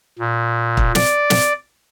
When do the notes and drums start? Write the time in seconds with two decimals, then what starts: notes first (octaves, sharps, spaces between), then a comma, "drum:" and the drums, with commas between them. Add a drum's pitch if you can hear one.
0.19 A#2
0.77 drum: kick
0.95 D5, drum: snare
1.30 drum: snare